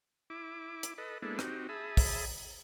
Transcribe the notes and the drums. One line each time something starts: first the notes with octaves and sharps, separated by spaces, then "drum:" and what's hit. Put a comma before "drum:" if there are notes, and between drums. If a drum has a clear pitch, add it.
E4 D6
drum: hi-hat
A4 B4 D#5
G#3 A#3 B3 D4 E4 A4
C4 D#4 F#4 G4, drum: rim click
G#4 E5 A5 B5 D#6
drum: kick, open hi-hat